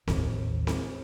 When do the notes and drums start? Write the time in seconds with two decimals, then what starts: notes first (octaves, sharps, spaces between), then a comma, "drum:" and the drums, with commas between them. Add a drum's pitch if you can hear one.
0.08 A1 D#2, drum: snare C4
0.67 drum: snare C4